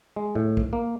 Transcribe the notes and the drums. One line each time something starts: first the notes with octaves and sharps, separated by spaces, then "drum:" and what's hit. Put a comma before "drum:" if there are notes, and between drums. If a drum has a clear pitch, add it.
G#3
A2
drum: kick A#1
A#3